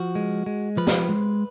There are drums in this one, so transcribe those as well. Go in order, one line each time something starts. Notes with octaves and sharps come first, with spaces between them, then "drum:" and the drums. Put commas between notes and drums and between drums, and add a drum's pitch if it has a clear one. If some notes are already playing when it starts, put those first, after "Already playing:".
Already playing: F3 F#4
G#3
G#3
F3 B4
drum: snare
G#3